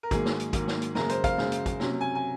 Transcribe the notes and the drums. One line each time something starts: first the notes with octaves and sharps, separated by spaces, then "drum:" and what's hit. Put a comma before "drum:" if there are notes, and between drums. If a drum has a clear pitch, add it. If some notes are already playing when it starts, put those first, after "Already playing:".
A#4
G#2 D#3 F#3 A#3 G#4, drum: kick, hi-hat
drum: snare
drum: hi-hat
G#2 D#3 F#3 A#3, drum: kick, hi-hat
drum: snare
drum: hi-hat
F#2 C#3 G#3 A#4, drum: snare
C5, drum: hi-hat
F5, drum: kick, hi-hat
F#2 C#3 G#3, drum: snare
drum: hi-hat
drum: kick, hi-hat
C3 F#3 C#4, drum: snare
G#5
G#5